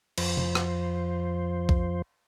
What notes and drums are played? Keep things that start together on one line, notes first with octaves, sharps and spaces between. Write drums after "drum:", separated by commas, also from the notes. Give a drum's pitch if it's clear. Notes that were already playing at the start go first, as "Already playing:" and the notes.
F2 F3 C5, drum: cymbal
drum: tom
drum: rim click
drum: kick B1